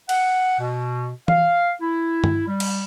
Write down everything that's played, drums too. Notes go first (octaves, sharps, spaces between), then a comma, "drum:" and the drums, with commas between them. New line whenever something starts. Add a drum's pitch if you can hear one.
F#5, drum: cymbal
B2
F5, drum: tom E3
E4
drum: tom G2
G3
drum: cymbal